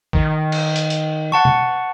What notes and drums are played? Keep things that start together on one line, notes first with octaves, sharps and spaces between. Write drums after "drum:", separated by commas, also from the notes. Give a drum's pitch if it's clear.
D#3, drum: kick G#1
drum: cymbal
drum: hi-hat
drum: hi-hat
F#5 A5 C#6
drum: tom